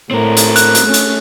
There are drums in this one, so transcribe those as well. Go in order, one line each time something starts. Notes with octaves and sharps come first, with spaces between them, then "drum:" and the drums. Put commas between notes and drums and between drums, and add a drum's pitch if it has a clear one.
A2 C4 A#4
drum: hi-hat
F#6, drum: hi-hat
drum: hi-hat
A3 C#4
drum: hi-hat